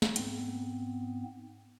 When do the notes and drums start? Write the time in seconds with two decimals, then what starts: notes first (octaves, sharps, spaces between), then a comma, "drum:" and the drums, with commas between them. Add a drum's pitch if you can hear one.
0.02 drum: snare
0.16 G#2 B3 C4, drum: hi-hat